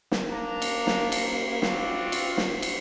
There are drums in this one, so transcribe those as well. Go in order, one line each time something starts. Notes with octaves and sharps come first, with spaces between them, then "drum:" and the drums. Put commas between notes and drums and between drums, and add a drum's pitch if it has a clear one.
drum: snare
A#3 D4 A#5
drum: cymbal
drum: snare
drum: cymbal
C4 D4 F4 F#4, drum: snare
drum: cymbal
drum: snare
drum: cymbal